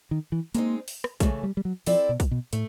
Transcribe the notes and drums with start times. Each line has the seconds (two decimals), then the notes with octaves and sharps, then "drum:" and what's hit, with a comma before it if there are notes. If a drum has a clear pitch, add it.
0.11 D#3
0.32 E3
0.55 G#3 A#3 C4 D#4, drum: hi-hat
0.88 drum: open hi-hat
1.04 drum: rim click
1.20 C#3 E3 G#3 A3, drum: kick, hi-hat
1.43 G3
1.57 G3
1.65 F#3
1.86 F3 C4 E4 A4 D5, drum: open hi-hat
2.09 B2
2.20 drum: kick, hi-hat
2.31 B2
2.53 A2 A3, drum: hi-hat